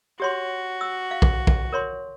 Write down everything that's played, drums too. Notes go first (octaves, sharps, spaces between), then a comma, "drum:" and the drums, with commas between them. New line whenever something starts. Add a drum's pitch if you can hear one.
F#4 G4 C#5 C6
E6
F5
drum: kick A#1
drum: kick A#1
A#4 C#5 C6